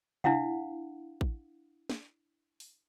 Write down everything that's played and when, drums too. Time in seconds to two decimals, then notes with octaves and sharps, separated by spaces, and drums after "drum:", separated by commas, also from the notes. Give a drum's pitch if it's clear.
0.24 D4 E4 F5 F#5, drum: tom C3
1.21 drum: kick A1
1.90 drum: snare
2.60 drum: open hi-hat